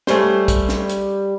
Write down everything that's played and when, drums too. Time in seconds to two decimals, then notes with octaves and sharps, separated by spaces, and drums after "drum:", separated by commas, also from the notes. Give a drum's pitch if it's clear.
0.07 G3 A3 C#4 C5, drum: snare
0.48 drum: kick, hi-hat
0.69 drum: snare
0.89 drum: hi-hat